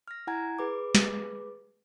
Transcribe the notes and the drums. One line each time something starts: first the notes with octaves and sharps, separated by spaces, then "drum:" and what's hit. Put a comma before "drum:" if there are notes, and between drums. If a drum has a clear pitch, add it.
F6 A#6
E4 F#5 G#5 A#5 G#6
G#4 B4 D6
drum: snare